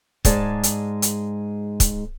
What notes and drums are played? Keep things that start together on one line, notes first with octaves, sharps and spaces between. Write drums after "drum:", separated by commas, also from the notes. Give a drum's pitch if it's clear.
G#2 G#3 D5 A5, drum: kick, hi-hat
drum: hi-hat
drum: hi-hat
drum: kick, hi-hat